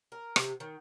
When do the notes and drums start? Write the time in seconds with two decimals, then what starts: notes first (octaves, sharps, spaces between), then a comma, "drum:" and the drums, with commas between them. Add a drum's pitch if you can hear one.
0.12 A#4
0.36 C3, drum: rim click
0.60 D#3